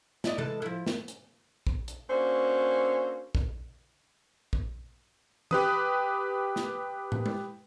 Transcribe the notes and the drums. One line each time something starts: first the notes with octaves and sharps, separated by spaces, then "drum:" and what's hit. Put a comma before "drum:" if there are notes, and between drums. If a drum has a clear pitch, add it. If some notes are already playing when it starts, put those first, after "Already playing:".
E4 D5 D#5, drum: snare
E3 G#3 A4, drum: tom C3
F3 E4
drum: snare
drum: hi-hat
drum: kick A#1
drum: hi-hat
A#3 C#4 D4 F#4 A4 C5
drum: kick A#1
drum: kick A#1
G4 B4 D#6, drum: tom E3
drum: snare
drum: tom
drum: tom G#3